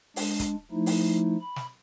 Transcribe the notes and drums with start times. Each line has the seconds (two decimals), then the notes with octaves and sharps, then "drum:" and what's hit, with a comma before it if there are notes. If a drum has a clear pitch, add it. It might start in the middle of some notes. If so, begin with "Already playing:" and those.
0.16 G#3 D4, drum: open hi-hat
0.40 drum: kick, hi-hat
0.72 F3 A3 D#4 E4
0.86 drum: open hi-hat
1.41 B5
1.56 drum: snare